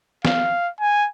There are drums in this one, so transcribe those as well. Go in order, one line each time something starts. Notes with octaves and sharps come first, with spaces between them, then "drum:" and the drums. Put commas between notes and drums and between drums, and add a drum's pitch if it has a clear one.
F5, drum: snare
G#5